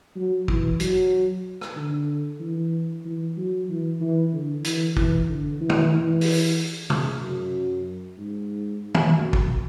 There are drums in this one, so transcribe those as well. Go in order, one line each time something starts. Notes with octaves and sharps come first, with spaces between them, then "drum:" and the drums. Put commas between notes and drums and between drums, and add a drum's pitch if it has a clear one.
F#3
E3, drum: kick
F#3, drum: hi-hat
drum: rim click
D3
E3
E3
F#3
E3
E3
D3
E3, drum: hi-hat
E3, drum: kick
D3
E3
drum: tom
E3
drum: open hi-hat
C#3, drum: tom C3
F#2
G#2
drum: tom
F#2
drum: kick